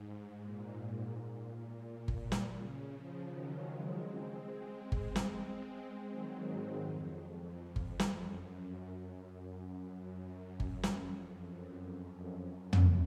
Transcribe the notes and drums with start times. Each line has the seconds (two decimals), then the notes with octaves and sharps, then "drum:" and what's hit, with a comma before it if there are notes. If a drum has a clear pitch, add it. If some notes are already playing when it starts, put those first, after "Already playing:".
Already playing: G#2
0.42 A#2
2.08 drum: kick G1
2.32 drum: snare
2.55 C#3
2.91 C#3 F3
3.26 D#3 F#3
3.61 F3 G#3
3.97 G#3 C4
4.92 drum: kick G1
5.16 drum: snare
6.10 D#3 F#3
6.46 G#2
6.81 F2
7.52 F2
7.76 drum: kick G1
7.99 drum: snare
8.23 F#2
10.60 drum: kick G1
10.83 drum: snare
11.07 F2
11.42 F#2
12.49 F#2
12.73 drum: tom